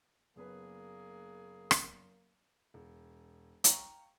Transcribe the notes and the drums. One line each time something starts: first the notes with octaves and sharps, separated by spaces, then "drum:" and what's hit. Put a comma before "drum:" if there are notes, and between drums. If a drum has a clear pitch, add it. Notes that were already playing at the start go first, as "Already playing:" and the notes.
F#1 A#3 B3 G#4 B4
drum: rim click
E1
F5 G5 A#5 C#6, drum: hi-hat